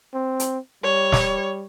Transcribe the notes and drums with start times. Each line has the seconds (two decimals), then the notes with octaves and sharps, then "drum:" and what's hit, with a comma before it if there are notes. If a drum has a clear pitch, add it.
0.14 C4
0.40 drum: hi-hat
0.84 G3 C#5
1.12 drum: snare